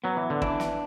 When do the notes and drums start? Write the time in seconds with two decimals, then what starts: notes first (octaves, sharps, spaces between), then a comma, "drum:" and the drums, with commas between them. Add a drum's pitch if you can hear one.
0.04 F#3 B3
0.17 E3
0.30 D3
0.42 E3 D4, drum: kick
0.60 drum: snare